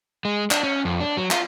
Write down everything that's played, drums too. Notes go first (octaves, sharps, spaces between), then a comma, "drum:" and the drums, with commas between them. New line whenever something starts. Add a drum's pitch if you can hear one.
G#3
D4, drum: clap
C#4
F2
D4
F#3
F4, drum: clap